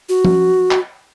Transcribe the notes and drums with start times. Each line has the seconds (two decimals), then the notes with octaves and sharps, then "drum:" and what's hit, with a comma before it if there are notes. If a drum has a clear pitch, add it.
0.09 F#4
0.25 drum: tom
0.71 drum: clap